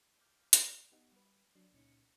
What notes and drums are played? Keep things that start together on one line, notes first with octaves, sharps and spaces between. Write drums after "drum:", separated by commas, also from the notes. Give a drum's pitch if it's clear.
D6 F6 G6
drum: hi-hat
B3 D#4 G4 D#5 F#5
G3 B4
F#3 D4 C7
C#2 A#2 C#4 D#4 C#7